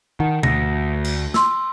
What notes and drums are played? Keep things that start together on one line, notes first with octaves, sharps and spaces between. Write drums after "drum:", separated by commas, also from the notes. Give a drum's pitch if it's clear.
D#3 F#5 A5
D2 A#6, drum: tom B2
drum: cymbal
C6 E6, drum: snare